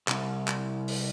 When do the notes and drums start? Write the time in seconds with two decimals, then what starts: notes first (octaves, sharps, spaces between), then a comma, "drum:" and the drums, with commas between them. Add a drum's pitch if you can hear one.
0.08 C2, drum: clap
0.48 drum: clap
0.88 drum: open hi-hat